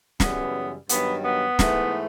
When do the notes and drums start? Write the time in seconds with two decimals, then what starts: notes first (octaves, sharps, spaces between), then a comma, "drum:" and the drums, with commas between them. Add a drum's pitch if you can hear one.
0.20 F#2 C#3 E3 G3 B3, drum: snare
0.89 G2 D#3 F#3 B3, drum: hi-hat
1.24 B3
1.59 G#2 E3 A3, drum: snare